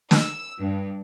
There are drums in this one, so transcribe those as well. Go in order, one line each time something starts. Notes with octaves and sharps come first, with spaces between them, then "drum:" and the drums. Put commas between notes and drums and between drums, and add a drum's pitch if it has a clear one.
E6, drum: snare
G2